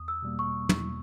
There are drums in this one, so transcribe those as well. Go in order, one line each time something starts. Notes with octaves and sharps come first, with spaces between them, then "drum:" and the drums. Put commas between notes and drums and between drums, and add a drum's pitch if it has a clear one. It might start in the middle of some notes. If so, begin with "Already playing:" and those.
Already playing: E2 D#6
E6
B2 G3 A#3
C#6
E2, drum: tom